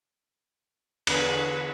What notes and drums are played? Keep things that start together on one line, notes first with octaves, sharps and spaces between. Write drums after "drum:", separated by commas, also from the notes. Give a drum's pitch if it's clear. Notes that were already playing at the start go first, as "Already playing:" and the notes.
E2 D3 G#4 B4, drum: cymbal